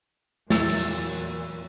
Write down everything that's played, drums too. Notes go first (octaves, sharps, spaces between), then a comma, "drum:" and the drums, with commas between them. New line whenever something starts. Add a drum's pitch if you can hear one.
E2 A#2 F#3 E6 A6, drum: snare
drum: cymbal